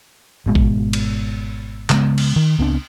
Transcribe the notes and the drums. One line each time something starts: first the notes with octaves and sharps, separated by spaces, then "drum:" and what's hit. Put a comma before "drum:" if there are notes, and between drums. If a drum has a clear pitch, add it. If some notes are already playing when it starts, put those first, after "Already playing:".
G#1 B2 G#3
drum: kick A1
drum: cymbal
C#3 G#3 B3, drum: clap
drum: cymbal
D#3
C#2 B3 C4 D4